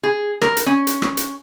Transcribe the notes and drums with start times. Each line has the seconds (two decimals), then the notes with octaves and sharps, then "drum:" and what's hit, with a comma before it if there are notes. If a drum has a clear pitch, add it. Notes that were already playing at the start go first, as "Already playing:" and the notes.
0.03 G#4
0.41 A#4, drum: rim click
0.57 drum: hi-hat
0.66 C#4
0.87 drum: hi-hat
1.02 drum: rim click
1.17 drum: hi-hat